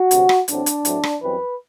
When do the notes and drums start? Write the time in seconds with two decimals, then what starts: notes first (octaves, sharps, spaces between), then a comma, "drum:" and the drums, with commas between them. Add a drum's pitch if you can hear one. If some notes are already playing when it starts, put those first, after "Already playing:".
Already playing: F#4
0.11 D2 C3 F#3, drum: hi-hat
0.29 drum: rim click
0.48 A1 A2 F#3 C4 D4, drum: hi-hat
0.66 drum: hi-hat
0.85 A2 F#3 A3 C4, drum: hi-hat
1.03 drum: rim click
1.22 F#2 E3 G3 C4 B4